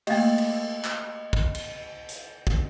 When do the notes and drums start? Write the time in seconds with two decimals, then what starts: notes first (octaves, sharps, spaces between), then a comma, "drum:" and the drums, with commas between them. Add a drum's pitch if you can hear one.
0.07 A3 A#3 G4 D#5 F5 G5 A6, drum: cymbal
0.38 drum: cymbal
0.85 drum: clap
1.33 drum: kick
1.55 drum: cymbal
2.09 drum: hi-hat
2.47 drum: kick